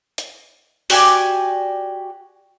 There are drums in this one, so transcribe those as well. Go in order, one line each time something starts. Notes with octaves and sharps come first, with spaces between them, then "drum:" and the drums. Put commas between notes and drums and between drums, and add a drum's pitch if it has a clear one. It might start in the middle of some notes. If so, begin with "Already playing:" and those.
drum: hi-hat
F#4 G4 D5 G#5, drum: open hi-hat